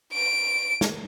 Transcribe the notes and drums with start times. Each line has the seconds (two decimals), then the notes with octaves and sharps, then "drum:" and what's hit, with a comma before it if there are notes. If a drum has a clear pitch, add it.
0.13 D7
0.81 drum: snare